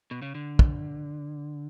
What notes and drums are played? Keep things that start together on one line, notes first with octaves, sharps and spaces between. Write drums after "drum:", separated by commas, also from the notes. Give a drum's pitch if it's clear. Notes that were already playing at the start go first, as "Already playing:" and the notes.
B2
C#3
D3
drum: kick